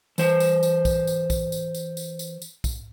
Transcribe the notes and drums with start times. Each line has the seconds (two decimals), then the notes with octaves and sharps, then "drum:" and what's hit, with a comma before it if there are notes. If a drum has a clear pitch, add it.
0.18 E3 C5, drum: tambourine
0.40 drum: tambourine
0.63 drum: tambourine
0.85 drum: kick B1, tambourine
1.07 drum: tambourine
1.30 drum: kick B1, tambourine
1.52 drum: tambourine
1.75 drum: tambourine
1.97 drum: tambourine
2.19 drum: tambourine
2.42 drum: tambourine
2.64 drum: kick B1, tambourine